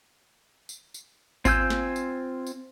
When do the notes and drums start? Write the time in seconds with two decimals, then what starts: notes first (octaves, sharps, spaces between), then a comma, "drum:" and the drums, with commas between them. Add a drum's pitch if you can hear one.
0.69 drum: tambourine
0.94 drum: tambourine
1.45 C4 F4 G#5 E6 G6, drum: kick G#1, tambourine
1.70 drum: snare
1.96 drum: tambourine
2.47 drum: tambourine